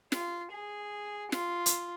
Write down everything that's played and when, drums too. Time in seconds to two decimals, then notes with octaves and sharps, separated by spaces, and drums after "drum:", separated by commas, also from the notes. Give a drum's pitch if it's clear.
0.12 F4, drum: snare
0.52 G#4
1.32 F4, drum: snare
1.66 drum: hi-hat